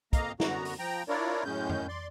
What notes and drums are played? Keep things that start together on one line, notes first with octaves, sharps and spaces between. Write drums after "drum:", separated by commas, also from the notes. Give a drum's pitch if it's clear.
F2 A#3 D#5 F5 A#5, drum: kick, hi-hat
F#2 D3 B3 F#4 A#5, drum: snare
drum: open hi-hat
F3 G5 A#5
D4 E4 F4 A#4 C#5 D5
F#2 A2 G#3 C#4 G6
drum: tom F2
D5 C6